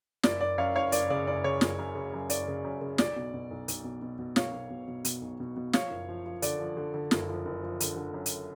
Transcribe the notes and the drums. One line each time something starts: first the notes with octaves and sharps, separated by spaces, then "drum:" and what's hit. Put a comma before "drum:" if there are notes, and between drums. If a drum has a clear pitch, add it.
F#1 D5, drum: snare
F#1 D5
F#2 C#5 F5
F#1 C#5 F5
F#1 D5, drum: hi-hat
C#3 D5
F#1 D5
C#3 C#5
F#1, drum: snare
F#2
C#3
F#2
F#1 D5, drum: hi-hat
C#3
F#2
C#3
B1 D5, drum: snare
B2
B2
B1
B1, drum: hi-hat
B2
B2
B2
B1 C#5 F5, drum: snare
B2
B2
B2
B2, drum: hi-hat
B1
B2
B2
F3 C#5 F5, drum: snare
F#1
F3
F3
D3 D5, drum: hi-hat
F3
D3
D3
F#1, drum: snare
F3
F#1
F3
D3, drum: hi-hat
D3
F#2
drum: hi-hat